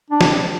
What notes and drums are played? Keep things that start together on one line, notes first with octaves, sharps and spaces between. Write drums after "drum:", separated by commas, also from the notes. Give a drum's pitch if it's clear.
D4
drum: snare